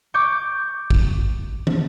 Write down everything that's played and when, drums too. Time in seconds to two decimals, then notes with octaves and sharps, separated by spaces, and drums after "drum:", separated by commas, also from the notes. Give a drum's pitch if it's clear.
0.14 C#6 D6 G6
0.90 drum: kick
1.67 drum: tom